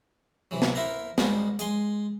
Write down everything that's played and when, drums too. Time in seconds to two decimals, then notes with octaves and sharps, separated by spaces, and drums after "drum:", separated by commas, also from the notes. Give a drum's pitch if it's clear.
0.51 C3 E3 F#3
0.62 drum: snare
0.75 E4 A#4 C5 E5 F#5 A#5
1.18 G3 G#3 D#4 F#4 C5, drum: snare
1.59 G#3 G#5 C6, drum: hi-hat